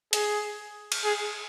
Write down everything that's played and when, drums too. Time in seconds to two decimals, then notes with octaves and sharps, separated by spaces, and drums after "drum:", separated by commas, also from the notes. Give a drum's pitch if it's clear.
0.13 G#4, drum: hi-hat
0.92 drum: cymbal
1.05 G#4